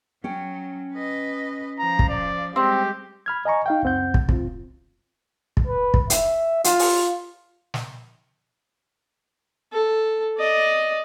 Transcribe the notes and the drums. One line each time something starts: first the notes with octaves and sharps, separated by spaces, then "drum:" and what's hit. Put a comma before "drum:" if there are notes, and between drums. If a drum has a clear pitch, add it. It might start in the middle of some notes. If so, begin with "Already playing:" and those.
F#3 C#4 G5
B4 D#5
F3 A#5
drum: kick
D5
G3 G#3 C4 G4
B5 F6 G#6
D#5 G#5 A#5 C#6
D#4 F5 G5
C#2 F#2 C4 F#5 G6
drum: kick
C4 F4, drum: kick
drum: kick
B4
drum: kick
E5, drum: hi-hat
F4, drum: hi-hat
drum: open hi-hat
drum: snare
A4
D5 D#5